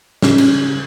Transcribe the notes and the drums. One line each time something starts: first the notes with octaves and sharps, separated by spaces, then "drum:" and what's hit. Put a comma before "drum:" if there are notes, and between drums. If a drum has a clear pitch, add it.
C#3, drum: snare
drum: cymbal